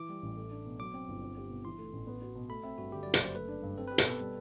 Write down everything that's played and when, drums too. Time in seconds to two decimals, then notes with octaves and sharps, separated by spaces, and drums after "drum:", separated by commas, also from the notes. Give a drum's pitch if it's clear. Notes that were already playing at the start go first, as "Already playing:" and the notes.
Already playing: E3 D6
0.09 G3
0.22 A1
0.37 A3
0.51 D4
0.65 B2
0.79 F#3 D6
0.94 C4
1.08 G1
1.22 C4
1.37 G4
1.50 B2
1.65 E3 C6
1.78 A3
1.93 A1
2.07 B3
2.22 F#4
2.35 B2
2.49 A3 B5
2.64 C4 E5
2.78 G2 F#4
2.92 D3 G4
3.03 D5
3.06 F#3
3.14 D5, drum: hi-hat
3.21 F#1 C5
3.35 A3 B4
3.48 D4
3.63 G2
3.78 C4 A4
3.87 G4 B4
3.98 A4, drum: hi-hat
4.06 B2
4.20 G3